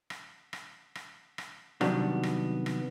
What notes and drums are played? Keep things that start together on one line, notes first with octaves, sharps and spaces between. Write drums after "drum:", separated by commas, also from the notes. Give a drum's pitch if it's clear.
drum: rim click
drum: rim click
drum: rim click
drum: rim click
C3 D#3 F#3 G3 B3 D4, drum: rim click
drum: rim click
drum: rim click